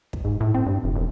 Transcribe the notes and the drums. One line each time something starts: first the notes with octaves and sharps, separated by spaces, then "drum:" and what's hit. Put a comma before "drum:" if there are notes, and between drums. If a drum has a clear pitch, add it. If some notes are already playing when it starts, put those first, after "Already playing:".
drum: kick
G#2
A2
C4
G2
F1
E1